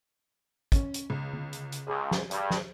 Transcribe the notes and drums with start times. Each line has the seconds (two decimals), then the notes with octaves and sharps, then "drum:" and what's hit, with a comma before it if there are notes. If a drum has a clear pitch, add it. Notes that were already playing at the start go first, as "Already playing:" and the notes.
0.72 C#4, drum: kick, hi-hat
0.94 drum: hi-hat
1.10 C#2
1.33 drum: tom D3
1.53 drum: hi-hat
1.72 drum: hi-hat
1.87 C#2 G#4
2.11 drum: snare
2.31 G2, drum: hi-hat
2.50 drum: snare